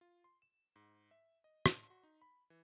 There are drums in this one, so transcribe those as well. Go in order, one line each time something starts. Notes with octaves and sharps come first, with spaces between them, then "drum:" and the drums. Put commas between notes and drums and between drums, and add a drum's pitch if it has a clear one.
F4
C6
E7
G#2
E5
D#5
A5, drum: rim click
F#4
D#4
B5
E3